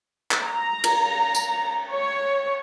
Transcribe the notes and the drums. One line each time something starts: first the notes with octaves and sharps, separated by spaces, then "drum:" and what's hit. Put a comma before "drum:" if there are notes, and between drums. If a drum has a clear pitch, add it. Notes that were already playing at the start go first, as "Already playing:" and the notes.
drum: clap
A#5
drum: cymbal
drum: tambourine
C#5